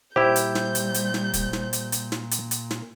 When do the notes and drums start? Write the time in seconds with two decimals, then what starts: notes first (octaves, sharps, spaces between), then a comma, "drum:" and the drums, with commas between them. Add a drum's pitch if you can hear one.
0.16 A#2 G3 E4 G4 C5 G6
0.36 drum: hi-hat
0.55 drum: snare
0.75 drum: hi-hat
0.94 drum: hi-hat
1.14 drum: snare
1.34 drum: kick, hi-hat
1.53 drum: snare
1.73 drum: hi-hat
1.92 drum: hi-hat
2.12 drum: snare
2.31 drum: hi-hat
2.51 drum: hi-hat
2.71 drum: snare